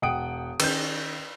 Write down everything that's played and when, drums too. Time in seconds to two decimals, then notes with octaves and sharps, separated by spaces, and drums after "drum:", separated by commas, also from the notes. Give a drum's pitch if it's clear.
0.02 E1 F#5 G5 D#6 D7
0.60 D#3 C#4 G6, drum: cymbal